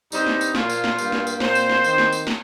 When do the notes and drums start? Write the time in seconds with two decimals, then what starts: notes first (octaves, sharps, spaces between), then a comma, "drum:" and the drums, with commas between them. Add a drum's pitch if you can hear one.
0.12 G2 G3 C4 D#4, drum: tambourine
0.27 drum: snare
0.41 drum: tambourine
0.55 A#2 F3 A#3 F4, drum: snare
0.70 drum: tambourine
0.84 drum: snare
0.98 G2 G3 A#3, drum: tambourine
1.12 drum: snare
1.27 drum: tambourine
1.40 A#2 A#3 C4 C5, drum: snare
1.55 drum: tambourine
1.70 drum: snare
1.84 D#3 C4, drum: tambourine
1.98 drum: snare
2.12 drum: tambourine
2.27 drum: snare